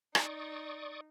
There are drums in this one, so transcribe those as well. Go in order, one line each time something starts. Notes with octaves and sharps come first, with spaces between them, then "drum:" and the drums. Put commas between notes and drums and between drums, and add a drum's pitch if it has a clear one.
D#4 D5 C#6 D#6, drum: rim click